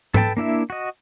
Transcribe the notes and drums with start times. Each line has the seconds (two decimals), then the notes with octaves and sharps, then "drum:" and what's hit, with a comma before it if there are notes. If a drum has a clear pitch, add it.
0.14 A4 B4 G5 A5, drum: tom G#2
0.37 A#3 D4 E4 E5
0.70 F#4 D#5